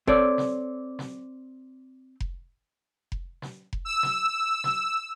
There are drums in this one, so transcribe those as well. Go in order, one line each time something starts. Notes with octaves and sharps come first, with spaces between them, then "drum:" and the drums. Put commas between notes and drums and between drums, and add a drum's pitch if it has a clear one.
C4 A4 C#5 D5, drum: kick F1
drum: snare
drum: snare
drum: kick F1
drum: kick F1
drum: snare
drum: kick F1
E6
drum: snare
drum: snare